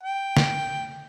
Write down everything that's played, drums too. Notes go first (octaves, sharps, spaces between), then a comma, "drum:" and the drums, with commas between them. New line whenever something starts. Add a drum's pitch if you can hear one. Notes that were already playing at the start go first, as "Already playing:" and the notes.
G5
drum: snare